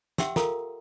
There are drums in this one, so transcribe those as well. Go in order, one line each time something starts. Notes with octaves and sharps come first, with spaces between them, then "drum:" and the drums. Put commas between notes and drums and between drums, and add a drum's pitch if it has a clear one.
G4 E5 F#5 G5 C6 E6, drum: snare
F4 A4 A#4 F5 A#5 D#6, drum: snare